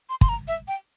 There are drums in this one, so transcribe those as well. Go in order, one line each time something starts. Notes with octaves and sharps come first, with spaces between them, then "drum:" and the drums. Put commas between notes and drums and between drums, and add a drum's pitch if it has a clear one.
C6
C6, drum: kick
A#5
E5
G5